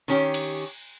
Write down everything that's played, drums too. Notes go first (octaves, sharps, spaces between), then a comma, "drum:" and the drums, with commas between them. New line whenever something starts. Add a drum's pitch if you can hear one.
D#3 C#4 G4
drum: cymbal